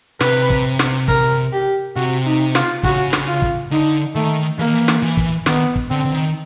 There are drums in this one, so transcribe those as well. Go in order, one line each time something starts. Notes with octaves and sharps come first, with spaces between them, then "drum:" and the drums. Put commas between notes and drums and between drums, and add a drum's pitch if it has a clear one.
C3 B4, drum: snare
drum: kick
drum: snare
A#4, drum: kick
G4
C3 F#4
D#4
F4, drum: snare
C#3 F#4, drum: kick
drum: snare
F4
drum: kick
D3 D#4
D#3 A3
E3 A#3
D#3
E3
drum: snare
E3
drum: kick
D#3 B3, drum: snare
drum: kick
D3 C4
D3
D#3